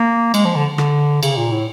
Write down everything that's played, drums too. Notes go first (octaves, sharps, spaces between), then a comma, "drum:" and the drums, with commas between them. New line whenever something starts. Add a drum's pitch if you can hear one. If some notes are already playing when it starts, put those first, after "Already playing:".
Already playing: A#3
G#3, drum: cymbal
F3
D3
D3, drum: rim click
C#3, drum: cymbal
A#2
A2